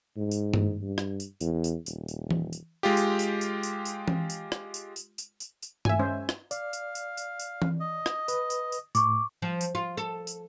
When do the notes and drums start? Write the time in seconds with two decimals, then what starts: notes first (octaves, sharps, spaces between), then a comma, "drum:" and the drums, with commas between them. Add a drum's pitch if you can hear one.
0.16 G#2
0.31 drum: tambourine
0.54 drum: tom G2
0.81 G2
0.98 drum: rim click
1.20 drum: tambourine
1.41 E2, drum: tambourine
1.64 drum: tambourine
1.86 D#1, drum: tambourine
2.08 drum: tambourine
2.31 drum: tom E3
2.53 drum: tambourine
2.83 G#3 F4 G4
2.97 drum: tambourine
3.19 drum: tambourine
3.41 drum: tambourine
3.63 drum: tambourine
3.85 drum: tambourine
4.08 drum: tom E3
4.30 drum: tambourine
4.52 drum: rim click
4.74 drum: tambourine
4.96 drum: tambourine
5.18 drum: tambourine
5.40 drum: tambourine
5.62 drum: tambourine
5.85 E5 G#5, drum: tom G2
5.99 G#3 C#4 C5
6.29 drum: rim click
6.51 D5 F5, drum: tambourine
6.73 drum: tambourine
6.95 drum: tambourine
7.17 drum: tambourine
7.39 drum: tambourine
7.62 drum: tom E3
7.80 D#5
8.06 drum: rim click
8.28 B4, drum: tambourine
8.50 drum: tambourine
8.72 drum: tambourine
8.95 A2 C#6 D6, drum: tambourine
9.42 F3
9.61 drum: tambourine
9.75 F4
9.97 A4
10.27 drum: tambourine